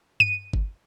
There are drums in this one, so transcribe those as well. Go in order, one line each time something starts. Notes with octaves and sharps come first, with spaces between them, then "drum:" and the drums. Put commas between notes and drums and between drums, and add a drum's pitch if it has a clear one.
D#7, drum: tom G2
drum: kick G1